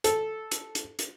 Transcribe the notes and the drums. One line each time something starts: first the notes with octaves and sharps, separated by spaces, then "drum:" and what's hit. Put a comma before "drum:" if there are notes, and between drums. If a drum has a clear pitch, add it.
A4, drum: hi-hat
drum: hi-hat
drum: hi-hat
drum: hi-hat